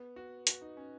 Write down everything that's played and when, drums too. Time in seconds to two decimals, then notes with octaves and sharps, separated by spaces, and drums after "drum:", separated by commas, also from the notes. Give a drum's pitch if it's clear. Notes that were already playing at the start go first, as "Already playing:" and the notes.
Already playing: B3
0.16 F#4
0.47 F#4, drum: hi-hat
0.61 D#4
0.77 C#4